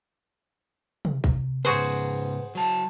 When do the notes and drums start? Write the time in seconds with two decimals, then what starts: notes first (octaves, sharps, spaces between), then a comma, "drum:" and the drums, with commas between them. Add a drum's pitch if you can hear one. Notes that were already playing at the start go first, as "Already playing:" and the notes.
1.05 drum: tom
1.24 C3, drum: kick
1.65 G#2 C#3 F#4 G#4 B4 C5, drum: cymbal
2.55 F#3 A5